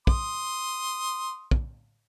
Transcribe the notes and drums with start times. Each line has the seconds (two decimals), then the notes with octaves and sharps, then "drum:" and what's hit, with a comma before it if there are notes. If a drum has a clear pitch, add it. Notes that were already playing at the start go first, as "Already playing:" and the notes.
0.07 C6 D#6, drum: kick
1.51 drum: kick